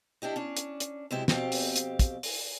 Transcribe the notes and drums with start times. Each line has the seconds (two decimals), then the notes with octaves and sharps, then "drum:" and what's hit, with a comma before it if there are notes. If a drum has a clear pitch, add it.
0.22 D4 E4 G4 D#5
0.36 C#4 D4
0.57 drum: hi-hat
0.80 drum: hi-hat
1.11 F#2 C3 G#3 E4 G4 E5
1.28 F2 B2 C4 G4 F5, drum: snare
1.52 drum: open hi-hat
1.76 drum: hi-hat
1.99 drum: kick, hi-hat
2.23 drum: open hi-hat